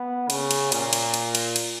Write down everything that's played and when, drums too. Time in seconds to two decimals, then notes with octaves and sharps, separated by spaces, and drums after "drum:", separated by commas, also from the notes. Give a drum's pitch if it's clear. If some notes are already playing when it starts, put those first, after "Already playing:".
Already playing: B3
0.30 C#3, drum: cymbal
0.51 drum: cymbal
0.72 A#2, drum: cymbal
0.93 drum: cymbal
1.14 drum: cymbal
1.35 drum: cymbal
1.56 drum: cymbal